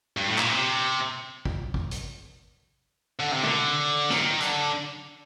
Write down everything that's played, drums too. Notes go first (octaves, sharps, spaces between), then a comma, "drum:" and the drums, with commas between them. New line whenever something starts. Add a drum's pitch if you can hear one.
G2
A2
A#2, drum: clap
C3
drum: kick
drum: kick
drum: hi-hat
D3
C3
D3, drum: tom
D#3, drum: snare
D3, drum: hi-hat